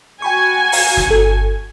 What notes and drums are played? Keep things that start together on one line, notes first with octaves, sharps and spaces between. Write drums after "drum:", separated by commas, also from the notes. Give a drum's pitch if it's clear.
F#4 G5 G#5 B5 C#6
F5 A#5, drum: open hi-hat
drum: snare
G1 A4